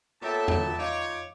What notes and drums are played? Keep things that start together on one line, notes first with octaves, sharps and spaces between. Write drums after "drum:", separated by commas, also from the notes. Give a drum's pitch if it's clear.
A#2 B3 A4 C#5 E5 G5 A5
drum: tom E2
D#4 F4 C#5 D#5 F5 D6